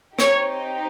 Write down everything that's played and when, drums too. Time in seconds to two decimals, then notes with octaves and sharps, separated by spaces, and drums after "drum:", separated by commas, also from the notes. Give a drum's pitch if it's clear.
0.19 C4 D#4 G4 C#5, drum: rim click